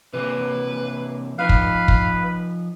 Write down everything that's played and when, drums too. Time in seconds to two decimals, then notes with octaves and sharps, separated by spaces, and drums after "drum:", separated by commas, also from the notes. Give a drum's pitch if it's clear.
0.13 C3 E3 A#3 B4
1.39 F3 D#4 B4 F5
1.49 drum: kick
1.88 drum: kick